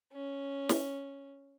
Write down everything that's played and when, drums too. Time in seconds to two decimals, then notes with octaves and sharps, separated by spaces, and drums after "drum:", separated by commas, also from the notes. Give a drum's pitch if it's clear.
0.13 C#4
0.69 drum: snare